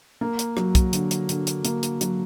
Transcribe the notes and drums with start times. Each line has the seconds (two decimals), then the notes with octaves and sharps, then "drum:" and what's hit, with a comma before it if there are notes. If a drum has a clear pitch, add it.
0.21 A#3
0.39 drum: hi-hat
0.57 F#3, drum: rim click
0.75 drum: kick, hi-hat
0.93 D3, drum: hi-hat
1.11 drum: hi-hat
1.29 D3, drum: hi-hat
1.47 drum: hi-hat
1.65 A#3, drum: hi-hat
1.83 drum: hi-hat
2.01 F#3, drum: hi-hat